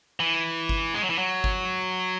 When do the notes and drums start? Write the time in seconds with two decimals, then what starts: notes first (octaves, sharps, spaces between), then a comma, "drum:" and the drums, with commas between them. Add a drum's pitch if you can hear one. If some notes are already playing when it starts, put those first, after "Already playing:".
0.20 E3
0.69 drum: kick G1
0.94 G#3
1.02 F#3
1.10 E3
1.18 F#3
1.44 drum: kick G1